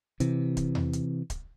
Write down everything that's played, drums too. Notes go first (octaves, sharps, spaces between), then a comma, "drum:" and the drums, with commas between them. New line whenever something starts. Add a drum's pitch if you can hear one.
C3 E3, drum: hi-hat
drum: kick D1, hi-hat
drum: tom E2
drum: hi-hat
drum: kick D1, hi-hat